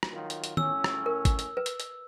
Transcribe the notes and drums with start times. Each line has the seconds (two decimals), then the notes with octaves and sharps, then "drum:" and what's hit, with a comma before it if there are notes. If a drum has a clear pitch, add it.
0.03 drum: rim click
0.13 D#3 F#3 F4
0.30 drum: hi-hat
0.44 drum: hi-hat
0.57 A2 C#4 E6, drum: tom D#3
0.84 drum: rim click
1.06 A#4
1.25 drum: kick G#1, hi-hat
1.39 drum: hi-hat
1.57 B4
1.66 drum: hi-hat
1.80 drum: hi-hat